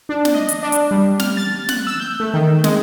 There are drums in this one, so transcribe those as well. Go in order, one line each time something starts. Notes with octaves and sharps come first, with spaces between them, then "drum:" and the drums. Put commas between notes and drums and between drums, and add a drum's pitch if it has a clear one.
D4
drum: snare
D#5
drum: hi-hat
D4
drum: hi-hat
G3
F6, drum: snare
A6
F#6, drum: snare
E6
G6
A3
D#3
G#3, drum: snare